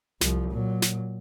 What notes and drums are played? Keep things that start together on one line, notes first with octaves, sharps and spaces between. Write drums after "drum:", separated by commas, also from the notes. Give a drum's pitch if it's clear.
C2 F3, drum: snare
A#2 F#3
drum: snare